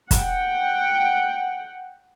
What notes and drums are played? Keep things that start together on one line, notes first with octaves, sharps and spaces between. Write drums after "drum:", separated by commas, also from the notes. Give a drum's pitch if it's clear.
F#5 G5, drum: kick, hi-hat